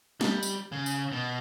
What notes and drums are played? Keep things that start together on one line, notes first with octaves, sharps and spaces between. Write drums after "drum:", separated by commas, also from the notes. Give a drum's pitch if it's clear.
G3, drum: snare
drum: tambourine
C#3
drum: tambourine
B2